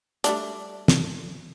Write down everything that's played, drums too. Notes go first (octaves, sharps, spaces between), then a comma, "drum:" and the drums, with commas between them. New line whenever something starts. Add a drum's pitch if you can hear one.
G3 A3 D4, drum: hi-hat
drum: snare